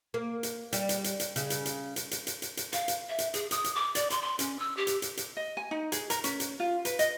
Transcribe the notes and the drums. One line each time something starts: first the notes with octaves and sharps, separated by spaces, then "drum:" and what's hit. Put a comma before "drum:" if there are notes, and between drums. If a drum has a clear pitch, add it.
A#3
drum: hi-hat
G3, drum: hi-hat
drum: hi-hat
drum: hi-hat
drum: hi-hat
C#3, drum: hi-hat
drum: hi-hat
drum: hi-hat
drum: hi-hat
drum: hi-hat
drum: hi-hat
drum: hi-hat
drum: hi-hat
F5, drum: hi-hat
drum: hi-hat
E5
drum: hi-hat
G#4, drum: hi-hat
D#6, drum: hi-hat
drum: hi-hat
D6
D5, drum: hi-hat
C6, drum: hi-hat
C6
C#4, drum: hi-hat
E6
G4
drum: hi-hat
drum: hi-hat
drum: hi-hat
D#5
G#5
D#4
G#4, drum: hi-hat
A#4, drum: hi-hat
C#4, drum: hi-hat
drum: hi-hat
F4
B4, drum: hi-hat
D#5, drum: hi-hat